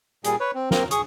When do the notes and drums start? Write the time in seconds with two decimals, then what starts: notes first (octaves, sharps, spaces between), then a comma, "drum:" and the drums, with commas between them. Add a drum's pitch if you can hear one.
0.25 A#2 G3 G#4, drum: hi-hat
0.40 B4 C#5
0.55 C4
0.71 A#3 C4 A#4, drum: snare
0.91 G#4 C#6 D#6, drum: hi-hat